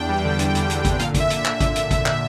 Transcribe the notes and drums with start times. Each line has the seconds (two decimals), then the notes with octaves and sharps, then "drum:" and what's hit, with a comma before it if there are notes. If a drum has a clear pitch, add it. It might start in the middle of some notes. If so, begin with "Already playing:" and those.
Already playing: E2 D4 G5
0.09 G3
0.25 D3
0.39 D4, drum: hi-hat
0.55 E2, drum: hi-hat
0.70 G3, drum: hi-hat
0.85 D3, drum: kick G#1, hi-hat
0.99 A#2 F5, drum: hi-hat
1.14 A#2, drum: kick G#1, hi-hat
1.20 E5
1.30 drum: hi-hat
1.45 drum: clap
1.60 drum: kick G#1, hi-hat
1.76 drum: hi-hat
1.91 drum: kick G#1, hi-hat
2.06 drum: clap